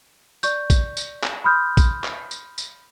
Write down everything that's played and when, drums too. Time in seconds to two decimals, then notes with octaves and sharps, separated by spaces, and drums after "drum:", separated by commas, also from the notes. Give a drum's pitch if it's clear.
0.43 D5 C#6 G6, drum: tambourine
0.70 drum: kick A#1, tambourine
0.97 drum: tambourine
1.24 drum: clap
1.44 B5 C6 D#6 F6 G6
1.77 drum: kick A#1, tambourine
2.04 drum: clap
2.31 drum: tambourine
2.58 drum: tambourine